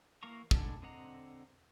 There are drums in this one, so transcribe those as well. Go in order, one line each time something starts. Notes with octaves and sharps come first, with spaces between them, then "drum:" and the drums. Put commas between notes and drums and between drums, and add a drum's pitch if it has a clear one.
E3 A#3 F5 A#5 C#6
G#3 B3 D4 A4, drum: kick
D3 C4 D#5 F#5 A#5